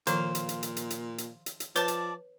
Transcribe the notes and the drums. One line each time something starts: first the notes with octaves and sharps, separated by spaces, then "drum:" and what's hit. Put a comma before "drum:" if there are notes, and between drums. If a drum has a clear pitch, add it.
A#2 D#3 F3 C5 F5, drum: hi-hat
drum: hi-hat
drum: hi-hat
drum: hi-hat
drum: hi-hat
drum: hi-hat
drum: hi-hat
drum: hi-hat
drum: hi-hat
F3 B4 C#5 D5 A5, drum: hi-hat
drum: hi-hat